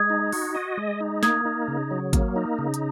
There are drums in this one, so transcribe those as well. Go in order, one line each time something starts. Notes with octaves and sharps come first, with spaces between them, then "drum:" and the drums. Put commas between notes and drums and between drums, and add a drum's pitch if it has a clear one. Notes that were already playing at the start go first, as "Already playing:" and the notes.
Already playing: G#3 D#6 G#6
D#4
F#4, drum: open hi-hat
D#5
G#3
D#4
A#3 D#6 G#6, drum: snare
D#4
C#3
F#3
A#3, drum: kick G#1, hi-hat
D#4
C#3
drum: hi-hat